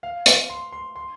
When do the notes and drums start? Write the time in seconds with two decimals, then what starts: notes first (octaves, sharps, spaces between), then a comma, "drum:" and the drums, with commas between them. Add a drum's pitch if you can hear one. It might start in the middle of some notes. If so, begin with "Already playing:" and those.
0.03 F5
0.26 drum: hi-hat
0.50 C6
0.72 C6
0.96 C6